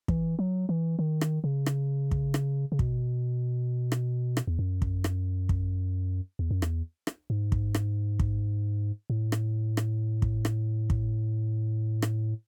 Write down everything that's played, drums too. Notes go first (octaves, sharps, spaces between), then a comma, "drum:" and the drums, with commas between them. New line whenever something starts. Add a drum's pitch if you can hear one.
E3, drum: kick
F#3
E3
D#3
drum: rim click
C#3
drum: rim click
drum: kick
drum: rim click
C#3
B2, drum: kick
drum: rim click
drum: rim click
E2
F#2
drum: kick
drum: rim click
drum: kick
E2
F#2
E2, drum: rim click
drum: rim click
G#2
drum: kick
drum: rim click
drum: kick
A2
drum: rim click
drum: rim click
drum: kick
drum: rim click
drum: kick
drum: rim click